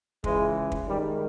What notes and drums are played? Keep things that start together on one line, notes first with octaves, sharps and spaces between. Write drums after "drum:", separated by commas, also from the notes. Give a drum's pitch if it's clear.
C#2 C#3 E3 G#3, drum: kick
drum: kick
G#2 D#3 G3